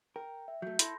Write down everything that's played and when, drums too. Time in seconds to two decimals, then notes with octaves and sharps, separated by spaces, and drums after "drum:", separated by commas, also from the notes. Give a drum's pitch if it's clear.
0.16 A#4 G5
0.48 E5
0.62 F#3 A3 G6
0.79 E4 A4 B5 C6 A#6, drum: hi-hat